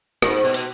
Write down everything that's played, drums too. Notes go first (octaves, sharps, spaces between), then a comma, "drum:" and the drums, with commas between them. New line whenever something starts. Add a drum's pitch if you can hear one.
G#2, drum: rim click
B2
drum: hi-hat